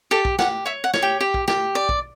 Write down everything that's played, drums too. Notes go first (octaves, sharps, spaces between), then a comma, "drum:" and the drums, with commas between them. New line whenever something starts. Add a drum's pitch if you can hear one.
G4 A4 A5
drum: kick
G4 F#5, drum: snare
C#5 E5
F#5
C#5, drum: snare
G4 G5
G4
drum: kick
G4, drum: snare
D5
drum: kick